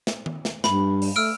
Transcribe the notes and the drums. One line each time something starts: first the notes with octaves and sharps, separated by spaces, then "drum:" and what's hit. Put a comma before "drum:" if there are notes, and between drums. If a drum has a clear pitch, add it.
drum: snare
drum: tom D#3
drum: snare
G2 B5, drum: snare
drum: open hi-hat
A3 E6 F6 D7